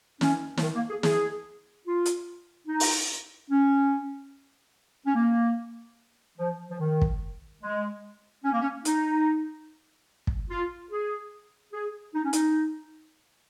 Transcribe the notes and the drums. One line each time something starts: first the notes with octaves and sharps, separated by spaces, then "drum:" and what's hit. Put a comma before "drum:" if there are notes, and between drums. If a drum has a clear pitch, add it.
C#4, drum: snare
F3, drum: snare
D#3
A#3
G#4
G#4, drum: snare
F4
drum: hi-hat
D#4
drum: open hi-hat
C#4
C#4
A#3
F3
F3
D#3
drum: kick
G#3
C#4
A#3
C#4
D#4, drum: hi-hat
drum: kick
F4
G#4
G#4
D#4
C#4
D#4, drum: hi-hat